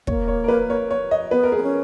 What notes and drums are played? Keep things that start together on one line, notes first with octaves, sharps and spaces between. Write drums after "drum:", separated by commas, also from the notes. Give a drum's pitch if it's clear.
A#3 C#5, drum: kick
C#5
A#4
B4
C#5
C#5
D#5
B3 B4
A#4
G#4
B3
C#4